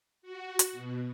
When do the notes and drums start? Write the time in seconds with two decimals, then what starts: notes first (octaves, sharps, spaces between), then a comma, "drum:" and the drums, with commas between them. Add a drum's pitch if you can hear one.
0.22 F#4
0.59 drum: hi-hat
0.73 B2